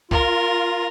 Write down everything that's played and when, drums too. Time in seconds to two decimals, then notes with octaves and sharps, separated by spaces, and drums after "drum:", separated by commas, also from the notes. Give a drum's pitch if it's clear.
0.11 F4 A#4, drum: kick